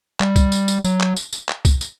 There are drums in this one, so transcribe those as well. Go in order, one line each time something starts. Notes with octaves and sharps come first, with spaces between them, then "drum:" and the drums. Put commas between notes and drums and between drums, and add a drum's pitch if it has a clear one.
G3, drum: clap
drum: kick C2, tambourine
drum: tambourine
drum: tambourine
F#3, drum: tambourine
drum: clap
drum: tambourine
drum: tambourine
drum: clap
drum: kick C2, tambourine
drum: tambourine